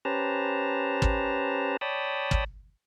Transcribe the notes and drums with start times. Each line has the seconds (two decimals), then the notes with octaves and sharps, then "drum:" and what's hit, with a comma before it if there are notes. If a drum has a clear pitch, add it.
0.05 C#4 G4 B4 C5 A5 A#5
1.02 drum: kick
1.81 C#5 D5 G5 A5 B5 D#6
2.31 drum: kick